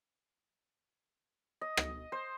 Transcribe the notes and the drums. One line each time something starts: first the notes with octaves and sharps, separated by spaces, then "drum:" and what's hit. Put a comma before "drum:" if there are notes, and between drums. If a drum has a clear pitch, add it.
D#5
D#5, drum: rim click
C5